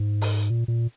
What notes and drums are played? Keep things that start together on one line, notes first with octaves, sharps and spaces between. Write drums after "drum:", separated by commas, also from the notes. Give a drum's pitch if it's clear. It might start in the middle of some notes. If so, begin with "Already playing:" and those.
Already playing: G#2
drum: open hi-hat
A#2
A#2